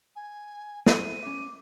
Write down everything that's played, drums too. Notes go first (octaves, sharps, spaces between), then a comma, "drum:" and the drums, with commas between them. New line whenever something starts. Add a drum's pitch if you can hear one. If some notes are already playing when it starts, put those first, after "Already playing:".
G#5
A3 E4 C5 D#7, drum: snare
C#4 E5 D6